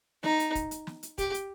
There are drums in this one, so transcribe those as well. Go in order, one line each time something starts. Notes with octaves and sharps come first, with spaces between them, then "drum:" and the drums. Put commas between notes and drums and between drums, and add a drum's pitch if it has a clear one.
D#4, drum: snare
drum: hi-hat
drum: kick, hi-hat
drum: hi-hat
drum: snare
drum: hi-hat
G4, drum: kick, hi-hat
drum: hi-hat